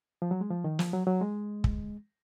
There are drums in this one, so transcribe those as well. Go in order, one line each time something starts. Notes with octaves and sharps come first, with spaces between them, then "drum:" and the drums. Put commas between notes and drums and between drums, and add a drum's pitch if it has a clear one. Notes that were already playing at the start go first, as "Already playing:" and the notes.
F3
F#3
G#3
F3
D#3
F3, drum: snare
F#3
F#3
G#3
drum: kick